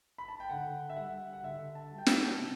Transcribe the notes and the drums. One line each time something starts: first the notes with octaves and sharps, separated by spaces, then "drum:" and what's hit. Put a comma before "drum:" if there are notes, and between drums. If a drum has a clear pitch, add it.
B5
A5
G5
D3 F#5
E5
G3 F#5
F#5
D3 E5
A5
G3
G5
A5, drum: snare
C3